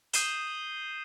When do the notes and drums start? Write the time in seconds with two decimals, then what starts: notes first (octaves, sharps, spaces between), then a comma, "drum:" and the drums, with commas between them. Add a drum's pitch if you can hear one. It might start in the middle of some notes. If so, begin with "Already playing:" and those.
0.13 D#6 G6 C7 D#7 E7 G7, drum: hi-hat